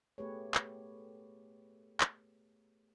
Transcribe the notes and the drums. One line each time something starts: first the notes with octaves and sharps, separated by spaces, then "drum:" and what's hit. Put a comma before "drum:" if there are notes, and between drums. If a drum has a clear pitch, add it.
A3 B3 G4 G#4 B4 C#5
drum: clap
drum: clap